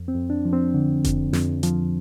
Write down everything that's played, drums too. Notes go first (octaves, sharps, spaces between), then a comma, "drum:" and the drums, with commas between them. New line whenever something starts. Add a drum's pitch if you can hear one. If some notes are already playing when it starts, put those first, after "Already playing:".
Already playing: F2
C4
F2
D4
F3
C4
D3
F2, drum: kick E1, hi-hat
F2, drum: snare
F3, drum: hi-hat